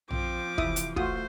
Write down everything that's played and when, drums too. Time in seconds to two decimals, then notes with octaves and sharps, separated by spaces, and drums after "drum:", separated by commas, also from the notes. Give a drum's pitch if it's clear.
0.11 F3 C4 D6, drum: tom A#1
0.58 C3 E3 E4 E5 D#6, drum: kick
0.76 drum: hi-hat
0.96 A3 F4 F#4 C5 D#6, drum: kick